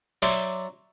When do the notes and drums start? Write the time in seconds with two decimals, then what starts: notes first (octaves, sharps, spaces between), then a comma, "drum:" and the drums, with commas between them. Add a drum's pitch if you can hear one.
0.22 F#3 D5 E5 C6, drum: open hi-hat